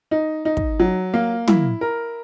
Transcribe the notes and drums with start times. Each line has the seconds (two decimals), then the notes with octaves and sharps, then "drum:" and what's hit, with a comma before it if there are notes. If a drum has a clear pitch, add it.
0.11 D#4
0.45 D#4
0.57 drum: kick
0.80 F#3
1.14 A#3
1.48 E4, drum: tom
1.81 A#4